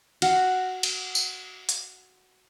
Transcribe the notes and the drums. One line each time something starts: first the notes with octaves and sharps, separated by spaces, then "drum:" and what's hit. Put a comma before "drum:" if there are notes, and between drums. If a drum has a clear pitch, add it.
F#4 F5 F#5, drum: cymbal
drum: cymbal
drum: tambourine
drum: hi-hat